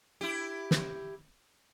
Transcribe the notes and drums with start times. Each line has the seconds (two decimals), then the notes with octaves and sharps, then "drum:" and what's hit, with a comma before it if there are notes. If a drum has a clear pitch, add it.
0.21 E4 G4
0.71 drum: snare